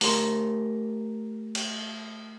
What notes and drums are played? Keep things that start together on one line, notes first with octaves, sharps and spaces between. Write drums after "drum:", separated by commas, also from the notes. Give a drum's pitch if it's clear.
A3 G4 A#4 A#5 C6, drum: open hi-hat
drum: cymbal